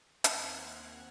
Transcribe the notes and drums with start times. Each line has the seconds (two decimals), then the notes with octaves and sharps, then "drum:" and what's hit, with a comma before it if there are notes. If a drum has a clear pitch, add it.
0.24 D#2 C4 F#5 F6 F#6 G#6, drum: hi-hat